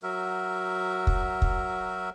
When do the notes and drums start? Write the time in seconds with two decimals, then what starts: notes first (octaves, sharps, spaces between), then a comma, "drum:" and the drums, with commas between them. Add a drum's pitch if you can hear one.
0.03 F#3 F#4 A#4 E5
1.07 drum: kick
1.42 drum: kick